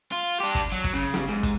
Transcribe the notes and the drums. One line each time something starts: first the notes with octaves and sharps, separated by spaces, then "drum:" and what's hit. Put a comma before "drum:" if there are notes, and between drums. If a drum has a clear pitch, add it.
F4
D4 G4
drum: kick, hi-hat
F#3
drum: kick, hi-hat
C#3
drum: snare
G#2
drum: kick, hi-hat